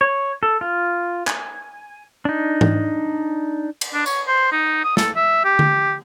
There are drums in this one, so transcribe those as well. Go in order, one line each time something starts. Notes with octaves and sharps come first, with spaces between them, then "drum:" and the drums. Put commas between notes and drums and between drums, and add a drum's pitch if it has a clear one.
C#5
A4
F4
G#5, drum: clap
D4 D#4
drum: tom
drum: cymbal
D4
C#5, drum: tambourine
C5
D#4
D#6
A4, drum: snare
E5
G4
drum: tom D3